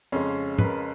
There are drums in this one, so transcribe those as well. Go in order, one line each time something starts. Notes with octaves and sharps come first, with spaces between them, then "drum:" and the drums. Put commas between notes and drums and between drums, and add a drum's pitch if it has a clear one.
F2 C#3 G#3 C#4
B4, drum: tom
A#4